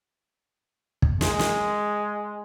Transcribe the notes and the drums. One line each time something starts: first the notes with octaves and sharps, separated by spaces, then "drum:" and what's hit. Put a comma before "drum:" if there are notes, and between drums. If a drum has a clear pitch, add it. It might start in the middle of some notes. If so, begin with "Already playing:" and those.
drum: kick
G#3, drum: snare
drum: snare